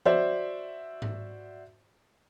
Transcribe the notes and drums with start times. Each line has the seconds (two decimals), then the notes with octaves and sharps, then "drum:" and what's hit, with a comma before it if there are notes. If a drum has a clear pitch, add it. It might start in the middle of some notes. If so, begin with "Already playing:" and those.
0.05 F#4 C5 D5 E5, drum: tom F3
1.02 drum: tom G#2